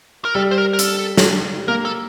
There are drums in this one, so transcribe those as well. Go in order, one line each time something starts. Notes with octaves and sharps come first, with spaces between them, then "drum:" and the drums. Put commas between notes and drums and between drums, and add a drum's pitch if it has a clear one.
A#4
G3 A4
C5
A#4
A#4
A4, drum: hi-hat
drum: snare
A#3 A#4
A4